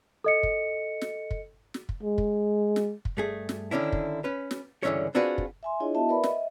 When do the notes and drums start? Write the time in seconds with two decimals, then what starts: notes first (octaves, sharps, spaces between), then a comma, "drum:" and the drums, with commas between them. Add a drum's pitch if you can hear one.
0.24 A4 D#5 C#7
0.43 drum: kick
1.01 drum: snare
1.31 drum: kick
1.74 drum: snare
1.89 drum: kick
2.03 G#3
2.18 drum: kick
2.76 drum: snare
3.05 drum: kick
3.17 G2 A3 G#4
3.49 drum: snare
3.71 D3 D#3 C#4 D4 E4
3.92 drum: kick
4.24 C#4 B4
4.51 drum: snare
4.83 C#2 G2 D3 E3 C#4 C#5
5.15 C4 D4 F4 F#4 G#4 B4
5.38 drum: kick
5.63 E5 G#5 C6
5.80 D4 E4 F4 G#4 C#5 D#5
5.95 B3 E4 F#4 D#5 E5 A5
6.09 A#4 B4 D5 E5 B5
6.24 D#5 E5, drum: snare